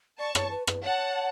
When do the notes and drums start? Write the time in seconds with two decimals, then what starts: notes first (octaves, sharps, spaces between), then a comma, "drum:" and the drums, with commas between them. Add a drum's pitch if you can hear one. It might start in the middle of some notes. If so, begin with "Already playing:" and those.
0.19 D5 A5 C#6
0.35 C#5, drum: rim click
0.51 B4
0.67 B4, drum: rim click
0.84 C#5 F#5 A5